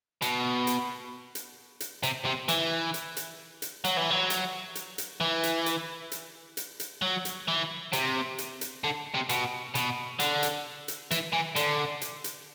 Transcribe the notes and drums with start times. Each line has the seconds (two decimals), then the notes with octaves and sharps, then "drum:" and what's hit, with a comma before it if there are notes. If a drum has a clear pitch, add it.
0.22 B2, drum: hi-hat
0.67 drum: hi-hat
1.35 drum: hi-hat
1.80 drum: hi-hat
2.03 C3, drum: hi-hat
2.25 C3
2.48 E3, drum: hi-hat
2.94 drum: hi-hat
3.17 drum: hi-hat
3.62 drum: hi-hat
3.84 F#3, drum: hi-hat
3.97 E3
4.11 F#3
4.30 drum: hi-hat
4.75 drum: hi-hat
4.98 drum: hi-hat
5.21 E3
5.43 drum: hi-hat
5.66 drum: hi-hat
6.12 drum: hi-hat
6.57 drum: hi-hat
6.80 drum: hi-hat
7.02 F#3
7.25 drum: hi-hat
7.48 E3
7.93 C3, drum: hi-hat
8.38 drum: hi-hat
8.61 drum: hi-hat
8.84 D3
9.14 C3
9.29 B2, drum: hi-hat
9.75 B2, drum: hi-hat
10.20 D3, drum: hi-hat
10.43 drum: hi-hat
10.88 drum: hi-hat
11.11 E3, drum: hi-hat
11.33 E3
11.56 D3, drum: hi-hat
12.02 drum: hi-hat
12.24 drum: hi-hat